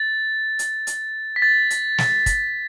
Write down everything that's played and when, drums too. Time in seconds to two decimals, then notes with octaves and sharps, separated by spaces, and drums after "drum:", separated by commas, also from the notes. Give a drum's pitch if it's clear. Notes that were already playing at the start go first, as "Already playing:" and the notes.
Already playing: A6
0.59 drum: hi-hat
0.87 drum: hi-hat
1.36 B6
1.42 A6
1.70 drum: hi-hat
1.98 drum: snare
2.26 drum: kick, hi-hat